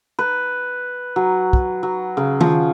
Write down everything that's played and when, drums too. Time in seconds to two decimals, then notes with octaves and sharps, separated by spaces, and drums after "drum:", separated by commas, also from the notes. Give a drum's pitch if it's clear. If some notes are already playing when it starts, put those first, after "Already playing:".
0.19 B4
1.16 F#3
1.53 drum: kick
1.83 F#3
2.17 C#3
2.41 F3, drum: tom D#3